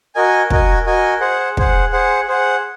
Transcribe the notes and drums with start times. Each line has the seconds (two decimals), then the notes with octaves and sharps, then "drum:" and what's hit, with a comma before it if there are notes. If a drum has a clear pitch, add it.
0.15 F#4 A#4 D#5 G#5
0.50 F#4 A#4 D#5 G#5, drum: kick
0.86 F#4 A#4 D#5 G#5
1.20 G#4 C5 F#5
1.57 G#4 C5 F#5, drum: kick
1.92 G#4 C5 F#5
2.28 G#4 C5 F#5